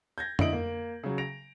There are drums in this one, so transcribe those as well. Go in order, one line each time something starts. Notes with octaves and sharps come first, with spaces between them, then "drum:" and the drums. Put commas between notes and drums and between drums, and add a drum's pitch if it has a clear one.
G6 G#6 A#6
D3 E4 D#5 D7 F#7, drum: tom F2
A#3
C#3 F#3
A#6 D7 F7